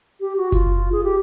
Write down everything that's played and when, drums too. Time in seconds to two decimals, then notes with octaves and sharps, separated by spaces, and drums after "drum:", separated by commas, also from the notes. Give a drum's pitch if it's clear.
0.20 G4
0.37 F#4
0.52 F4, drum: kick F#1, hi-hat
0.92 G#4
1.04 G4